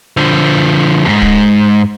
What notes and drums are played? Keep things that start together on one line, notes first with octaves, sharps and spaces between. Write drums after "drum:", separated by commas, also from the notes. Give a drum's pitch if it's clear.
D3 F3
E2 G#2
drum: kick